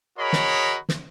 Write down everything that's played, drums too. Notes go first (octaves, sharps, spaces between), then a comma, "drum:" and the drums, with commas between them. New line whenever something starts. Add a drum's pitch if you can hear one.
F#4 G#4 A#4 C#5 D#5 B5
drum: snare
drum: snare